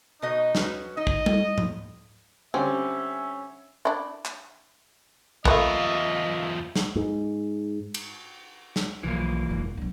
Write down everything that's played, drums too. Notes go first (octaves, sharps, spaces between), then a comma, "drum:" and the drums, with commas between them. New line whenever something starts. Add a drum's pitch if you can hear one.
B2 D#4 F#4 D#5
C#4 F#4 B4, drum: snare
D#4 D#5
drum: kick
drum: tom G3
drum: tom G#2
D3 G3 C4 C#4 E5
D4 E4
drum: clap
E2 A3 A#3 F4 A#4 B4 D#5 E5, drum: kick
drum: snare
G#2
drum: cymbal
drum: snare
B1 E3 F3 A#3
F1 G#2
B1 D4